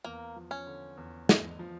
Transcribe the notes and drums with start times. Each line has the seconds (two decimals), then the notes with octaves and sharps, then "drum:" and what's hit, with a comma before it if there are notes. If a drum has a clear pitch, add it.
0.04 E2 A#3
0.36 F3
0.51 C#4
0.67 D3
0.97 E2
1.29 E2, drum: snare
1.59 F3